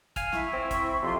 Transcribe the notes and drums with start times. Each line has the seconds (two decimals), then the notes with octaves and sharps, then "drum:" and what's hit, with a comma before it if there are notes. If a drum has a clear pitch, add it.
0.16 F5 G#5 F6, drum: kick, hi-hat
0.32 E4 C#6, drum: snare
0.53 C4
0.71 drum: kick, hi-hat
1.03 F2 C3 F4 C6